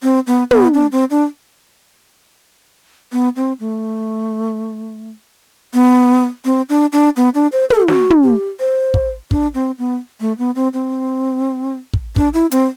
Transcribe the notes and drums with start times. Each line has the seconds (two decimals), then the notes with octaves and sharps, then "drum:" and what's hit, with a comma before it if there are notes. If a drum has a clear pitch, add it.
0.03 C4
0.27 B3
0.51 B3, drum: tom
0.74 D4
0.92 C4
1.10 D4
3.12 B3
3.36 C4
3.60 A3
5.74 B3
6.45 C4
6.69 D4
6.93 D4
7.17 B3
7.35 D4
7.52 C5
7.70 A4, drum: tom
7.88 F#4, drum: snare
8.10 drum: tom
8.23 G4
8.60 C5
8.94 drum: kick
9.31 D4, drum: kick
9.54 C4
9.79 B3
10.20 A3
10.38 B3
10.56 C4
10.73 C4
11.93 drum: kick
12.16 D4, drum: kick
12.34 E4
12.51 C4, drum: hi-hat